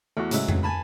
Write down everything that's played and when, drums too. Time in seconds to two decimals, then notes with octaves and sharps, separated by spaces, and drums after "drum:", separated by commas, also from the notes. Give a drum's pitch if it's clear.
0.17 E2 A3 F#4
0.31 A2 C#3 F#3 G#3 E5, drum: hi-hat
0.48 drum: tom F2
0.63 G#5 A5 B5